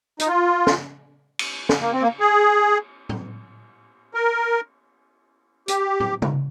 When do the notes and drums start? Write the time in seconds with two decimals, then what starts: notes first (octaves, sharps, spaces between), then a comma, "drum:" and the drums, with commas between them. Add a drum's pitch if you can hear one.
0.19 D#4, drum: hi-hat
0.27 F4
0.67 drum: snare
1.39 drum: cymbal
1.69 drum: snare
1.81 A#3
1.93 C4
2.02 A#3
2.20 G#4
3.09 drum: tom
4.14 A#4
5.68 G4, drum: hi-hat
6.00 drum: tom
6.22 drum: tom